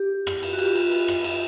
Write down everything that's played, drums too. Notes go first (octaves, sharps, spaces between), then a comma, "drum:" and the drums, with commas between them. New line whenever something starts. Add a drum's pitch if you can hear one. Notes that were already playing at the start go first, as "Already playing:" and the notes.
Already playing: G4
drum: rim click
drum: cymbal
F#4
F4 G4, drum: cymbal
drum: cymbal
drum: cymbal
drum: rim click
drum: cymbal